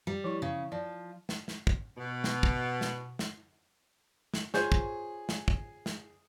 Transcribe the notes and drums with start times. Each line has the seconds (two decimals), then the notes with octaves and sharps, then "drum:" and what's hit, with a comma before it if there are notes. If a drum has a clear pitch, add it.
0.07 G3
0.24 F3 E4 C#6
0.42 C#3
0.72 F3 D5
1.29 drum: snare
1.48 drum: snare
1.67 drum: kick
1.98 B2
2.24 drum: snare
2.43 drum: kick
2.81 drum: snare
3.19 drum: snare
4.34 drum: snare
4.54 F4 G#4 C5 C#5, drum: snare
4.72 drum: kick
5.29 drum: snare
5.48 drum: kick
5.86 drum: snare